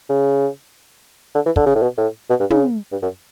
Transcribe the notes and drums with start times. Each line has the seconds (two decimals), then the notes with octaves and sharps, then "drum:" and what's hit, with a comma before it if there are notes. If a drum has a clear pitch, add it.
0.09 C#3
1.35 D3
1.46 E3
1.56 D3, drum: kick
1.66 C#3
1.75 A2
1.82 B2
1.97 A2
2.29 B2
2.39 G2
2.50 C#3, drum: tom
2.92 G2
3.02 F#2